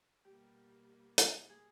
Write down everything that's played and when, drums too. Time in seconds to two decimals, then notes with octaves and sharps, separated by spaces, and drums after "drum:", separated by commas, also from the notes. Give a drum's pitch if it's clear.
0.25 B2 G3 A#3 G4
1.18 G#4, drum: hi-hat
1.49 G#4